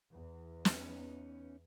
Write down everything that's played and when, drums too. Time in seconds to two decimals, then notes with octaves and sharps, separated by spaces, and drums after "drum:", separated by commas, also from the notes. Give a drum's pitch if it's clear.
0.12 E2
0.65 B3 C#4 D#4, drum: snare